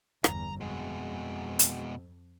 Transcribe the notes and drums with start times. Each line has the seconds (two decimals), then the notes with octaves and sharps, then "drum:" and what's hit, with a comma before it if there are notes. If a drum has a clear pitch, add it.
0.24 G1 E2 A#5, drum: rim click
0.61 F2 B2 G#3
1.59 drum: hi-hat